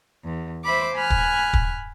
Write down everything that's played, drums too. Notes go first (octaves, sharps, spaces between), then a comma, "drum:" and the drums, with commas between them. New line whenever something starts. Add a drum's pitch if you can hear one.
E2
C5 E5 B5 D6
G#5 B5 F6 F#6
drum: kick
drum: kick